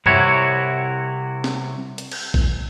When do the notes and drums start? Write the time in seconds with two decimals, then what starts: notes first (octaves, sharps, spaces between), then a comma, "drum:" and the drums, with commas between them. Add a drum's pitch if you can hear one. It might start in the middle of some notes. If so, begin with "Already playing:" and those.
0.06 C2 C3 E4 F#4 C#5, drum: tom G2
1.44 drum: snare C4
1.98 drum: hi-hat
2.11 drum: cymbal
2.34 drum: kick A#1